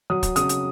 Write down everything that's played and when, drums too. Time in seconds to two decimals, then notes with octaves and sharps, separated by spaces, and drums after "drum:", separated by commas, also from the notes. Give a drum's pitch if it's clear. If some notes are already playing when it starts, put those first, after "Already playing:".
0.10 F#3 D#6
0.23 drum: kick, hi-hat
0.36 C#3 D#6, drum: hi-hat
0.49 drum: hi-hat